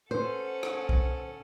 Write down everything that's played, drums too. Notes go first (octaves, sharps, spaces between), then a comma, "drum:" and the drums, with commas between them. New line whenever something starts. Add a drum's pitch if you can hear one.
C#4 A4 C5 F#5
drum: rim click
drum: kick B1